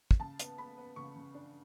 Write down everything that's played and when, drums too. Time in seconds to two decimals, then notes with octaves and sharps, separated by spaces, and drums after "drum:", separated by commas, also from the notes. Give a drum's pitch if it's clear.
0.11 drum: kick
0.20 C#3 A5
0.39 B3, drum: hi-hat
0.58 B3 B5
0.78 B3
0.96 C#3 C#6
1.16 C#3
1.35 D4